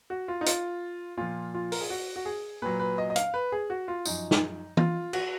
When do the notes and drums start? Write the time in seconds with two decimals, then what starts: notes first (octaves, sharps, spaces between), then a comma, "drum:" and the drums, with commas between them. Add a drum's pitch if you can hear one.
0.10 F#4
0.28 F4
0.41 D#4
0.46 F4, drum: hi-hat
1.17 A#2 F3 F4
1.54 F4
1.72 A#4, drum: open hi-hat
1.81 G#4
1.90 F#4
2.16 F#4
2.25 G#4
2.62 A#2 F#3 B4
2.79 B4
2.98 D#5
3.10 D#5
3.16 F5, drum: hi-hat
3.34 B4
3.52 G#4
3.70 F#4
3.88 F4
4.05 F#2 F3 D#4, drum: tambourine
4.31 drum: snare
4.77 F4, drum: tom
5.13 F#4, drum: cymbal